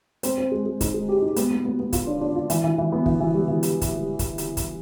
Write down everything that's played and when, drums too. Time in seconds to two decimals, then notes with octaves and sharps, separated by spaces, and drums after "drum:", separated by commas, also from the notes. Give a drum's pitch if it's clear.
0.23 C4, drum: hi-hat
0.38 C4
0.51 G#3
0.66 G#3
0.81 D#4, drum: kick, hi-hat
0.94 G#3
1.09 G4
1.22 D#4
1.36 B3, drum: hi-hat
1.51 B3
1.65 B3
1.80 B3
1.93 F4, drum: kick, hi-hat
2.07 D4
2.21 D4
2.36 F4
2.50 E3, drum: hi-hat
2.64 E3
2.78 E3
2.92 B3
3.06 E3, drum: kick
3.20 E3
3.34 G3
3.48 E3
3.63 drum: hi-hat
3.81 drum: kick, hi-hat
4.19 drum: kick, hi-hat
4.38 drum: hi-hat
4.57 drum: kick, hi-hat